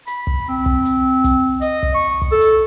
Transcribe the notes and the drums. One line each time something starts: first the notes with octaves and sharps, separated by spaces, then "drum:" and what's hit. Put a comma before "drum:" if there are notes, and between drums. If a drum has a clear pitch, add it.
B5, drum: hi-hat
drum: kick
C4
drum: kick
drum: hi-hat
drum: kick, hi-hat
D#5, drum: hi-hat
drum: kick
C#6
drum: kick
A4
drum: hi-hat